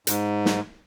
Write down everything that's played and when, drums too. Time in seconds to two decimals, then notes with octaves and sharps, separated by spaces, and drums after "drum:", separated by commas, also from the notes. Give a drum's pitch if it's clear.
0.07 G#2, drum: hi-hat
0.46 drum: snare